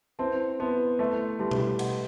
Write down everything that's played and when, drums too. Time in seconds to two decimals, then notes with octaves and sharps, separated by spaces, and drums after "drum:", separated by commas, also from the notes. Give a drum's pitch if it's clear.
0.19 C4 E4 B4 E5 A5 C6
0.60 B3 E4 B4 E5 A5 C6
0.99 A3 E4 B4 E5 A5 C6
1.39 G3 E4 B4 E5 A5 C6
1.51 drum: tom B2
1.79 B4 D#5 F#5, drum: cymbal